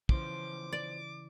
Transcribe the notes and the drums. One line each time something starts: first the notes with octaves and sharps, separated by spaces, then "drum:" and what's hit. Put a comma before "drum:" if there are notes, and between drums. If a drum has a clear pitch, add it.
B1 C#3 E3 F3 C5 D6, drum: kick
D5